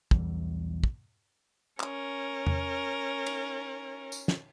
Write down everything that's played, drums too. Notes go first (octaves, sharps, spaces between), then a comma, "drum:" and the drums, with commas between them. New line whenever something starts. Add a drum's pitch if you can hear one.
B1 E2 E3 G3, drum: kick
drum: kick
C#4 A#4, drum: clap
drum: tom E2
drum: cymbal
drum: tambourine
drum: snare